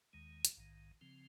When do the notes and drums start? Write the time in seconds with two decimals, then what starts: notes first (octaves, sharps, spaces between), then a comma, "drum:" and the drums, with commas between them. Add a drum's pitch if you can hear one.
0.13 D#2 D#3 G#3
0.45 drum: hi-hat
0.57 A#1 G#2 D#3
1.01 C#3 F3 C4